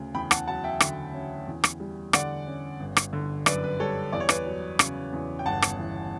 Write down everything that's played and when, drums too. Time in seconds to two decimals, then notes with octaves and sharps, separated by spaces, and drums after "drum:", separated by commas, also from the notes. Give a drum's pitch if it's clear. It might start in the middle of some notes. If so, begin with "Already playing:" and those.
Already playing: D2 C#3
0.14 E2 G5 B5
0.31 F#5 A5, drum: rim click
0.47 F#3 F#5 A5
0.64 E5 G5
0.80 D3, drum: rim click
1.14 C#4
1.47 E2
1.64 drum: rim click
1.80 G3
2.13 D3 D5 F#5, drum: rim click
2.47 C#4
2.80 G1
2.97 drum: rim click
3.13 D3
3.46 F#2 B4 D5, drum: rim click
3.64 B4
3.80 G3 A4 C#5
4.13 E2 D5
4.20 C#5
4.29 B4 D5, drum: rim click
4.46 F#3
4.79 C#3, drum: rim click
5.12 E2
5.39 G5
5.46 G1 F#5 A5
5.62 drum: rim click
5.78 E3